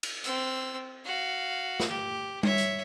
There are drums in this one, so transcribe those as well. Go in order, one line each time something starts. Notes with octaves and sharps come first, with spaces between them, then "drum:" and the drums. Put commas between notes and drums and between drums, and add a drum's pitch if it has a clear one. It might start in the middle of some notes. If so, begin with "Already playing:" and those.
drum: cymbal
C4 E6, drum: hi-hat
F#4 F5
drum: snare
G4
C#5 E5, drum: tom G3
drum: hi-hat